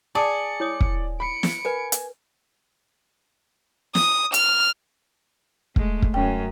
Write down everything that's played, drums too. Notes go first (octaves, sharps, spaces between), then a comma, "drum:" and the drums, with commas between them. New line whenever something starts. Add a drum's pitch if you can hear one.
G#4 D5 A5 C#7
E4 C#5 D#6
drum: kick
B5 C#7 D7
drum: snare
A#4 B4 G#5
drum: hi-hat
D#6, drum: snare
F6, drum: hi-hat
G#3 A3, drum: kick
drum: kick
F#2 C#4 G5